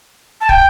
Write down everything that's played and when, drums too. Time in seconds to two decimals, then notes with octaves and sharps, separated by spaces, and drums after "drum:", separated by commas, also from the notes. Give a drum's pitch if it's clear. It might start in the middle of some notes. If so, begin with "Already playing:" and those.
0.41 A5
0.49 G5, drum: kick